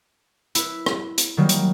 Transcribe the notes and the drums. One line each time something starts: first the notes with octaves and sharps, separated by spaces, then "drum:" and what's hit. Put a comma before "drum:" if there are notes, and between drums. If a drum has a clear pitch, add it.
E4 B4, drum: hi-hat
drum: rim click
drum: hi-hat
D#3 F#3 G3 A#3
drum: hi-hat